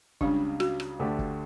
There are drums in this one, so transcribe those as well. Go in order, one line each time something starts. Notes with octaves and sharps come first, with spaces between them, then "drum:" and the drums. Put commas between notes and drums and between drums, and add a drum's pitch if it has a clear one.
C#2 C#3 G3 D4, drum: kick
F#4, drum: rim click
drum: rim click
D2 D3 A3 D4 G4
drum: kick